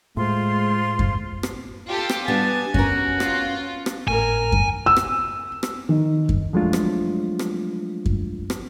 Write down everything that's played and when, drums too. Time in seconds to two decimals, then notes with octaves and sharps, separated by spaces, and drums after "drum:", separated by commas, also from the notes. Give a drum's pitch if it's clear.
0.17 A2 G#3 F4 C5 C6
0.99 drum: kick F#2
1.43 drum: rim click
1.87 F4 G4 A4
2.09 drum: rim click
2.28 G3 B3 D4 G#5 A5
2.74 C#4 F#4 A#4, drum: kick F#2
3.20 F4, drum: rim click
3.86 drum: rim click
4.08 G#1 A2 A#4 G#5
4.52 drum: kick F#2
4.86 E6
4.97 drum: rim click
5.63 drum: rim click
5.89 D#3
6.29 drum: kick F#2
6.53 F3 F#3 G#3 A3 D4 F4
6.73 drum: rim click
7.39 drum: rim click
8.06 drum: kick F#2
8.50 drum: rim click